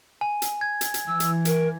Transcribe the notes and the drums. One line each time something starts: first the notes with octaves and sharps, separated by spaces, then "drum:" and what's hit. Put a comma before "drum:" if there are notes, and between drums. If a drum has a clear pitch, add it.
G#5
drum: hi-hat
G#6
drum: hi-hat
drum: hi-hat
E3 E6
drum: hi-hat
A#4, drum: hi-hat